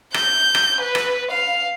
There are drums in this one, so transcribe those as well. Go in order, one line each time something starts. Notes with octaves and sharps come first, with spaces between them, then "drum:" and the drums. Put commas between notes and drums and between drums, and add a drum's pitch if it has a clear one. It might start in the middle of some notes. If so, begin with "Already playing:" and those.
G6, drum: rim click
drum: rim click
B4
drum: rim click
F5